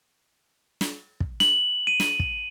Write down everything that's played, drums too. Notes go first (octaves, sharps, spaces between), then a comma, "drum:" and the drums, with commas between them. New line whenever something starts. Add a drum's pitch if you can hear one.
drum: snare
drum: kick
F#7, drum: snare
D#7
drum: snare
drum: kick